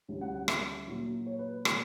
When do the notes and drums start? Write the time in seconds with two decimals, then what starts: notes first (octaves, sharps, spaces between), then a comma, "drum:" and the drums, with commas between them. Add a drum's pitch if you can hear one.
0.08 D2 D3 G3 C#4 E4
0.21 F#5
0.34 F#5
0.48 E5, drum: rim click
0.87 A#2 F#3 A#3 E4
1.26 C#5
1.39 B4
1.65 A#2 G3 A#3, drum: rim click